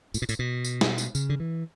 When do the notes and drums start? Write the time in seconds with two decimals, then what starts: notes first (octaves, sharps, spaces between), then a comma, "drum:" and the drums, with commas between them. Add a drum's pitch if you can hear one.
0.14 A2, drum: tambourine
0.22 B2
0.29 A2, drum: tambourine
0.39 B2
0.65 drum: tambourine
0.81 drum: snare
0.98 drum: tambourine
1.15 C#3, drum: tambourine
1.29 D3
1.40 E3